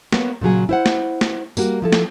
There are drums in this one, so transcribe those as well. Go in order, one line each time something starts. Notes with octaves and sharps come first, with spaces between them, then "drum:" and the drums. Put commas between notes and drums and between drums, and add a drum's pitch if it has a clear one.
A#3 B3 C#5, drum: snare
A#2 C#3 F#3 G#4
E4 C5 F#5
drum: snare
drum: snare
G3 A#3 F#4, drum: tambourine
F3 E4 A4
drum: snare